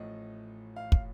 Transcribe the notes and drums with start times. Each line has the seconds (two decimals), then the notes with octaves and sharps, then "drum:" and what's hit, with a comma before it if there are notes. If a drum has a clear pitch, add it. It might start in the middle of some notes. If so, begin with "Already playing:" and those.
Already playing: A1 A2 F3 D#5
0.76 F5
0.92 drum: kick